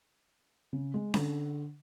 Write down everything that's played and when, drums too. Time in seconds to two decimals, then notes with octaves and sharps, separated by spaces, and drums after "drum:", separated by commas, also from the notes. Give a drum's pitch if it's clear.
0.73 C#3
0.94 G#3
1.14 D3, drum: snare C#4